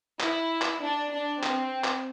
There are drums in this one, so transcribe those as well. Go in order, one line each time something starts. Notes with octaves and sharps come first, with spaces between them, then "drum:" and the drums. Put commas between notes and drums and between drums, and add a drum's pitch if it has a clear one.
E4, drum: clap
drum: clap
D4
D4
C4, drum: clap
drum: clap